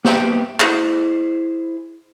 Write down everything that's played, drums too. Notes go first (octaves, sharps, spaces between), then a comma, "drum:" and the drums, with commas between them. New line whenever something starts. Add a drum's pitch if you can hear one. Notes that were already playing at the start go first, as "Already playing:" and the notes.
A#3 B3 G4 C5 E5 G5, drum: snare
E4 G#4 C5, drum: clap